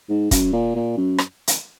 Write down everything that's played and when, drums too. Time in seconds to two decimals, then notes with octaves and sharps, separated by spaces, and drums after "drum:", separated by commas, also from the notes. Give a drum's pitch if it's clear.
0.09 G#2
0.31 F#2, drum: kick, hi-hat
0.53 A#2
0.76 A#2
0.97 F#2
1.18 drum: rim click
1.47 drum: hi-hat